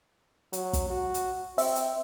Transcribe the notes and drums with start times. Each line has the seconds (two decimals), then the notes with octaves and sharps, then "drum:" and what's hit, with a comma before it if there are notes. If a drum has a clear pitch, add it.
0.53 F#3, drum: hi-hat
0.73 drum: kick, hi-hat
0.90 F#4
1.14 drum: hi-hat
1.58 C4 E5, drum: open hi-hat
1.76 drum: hi-hat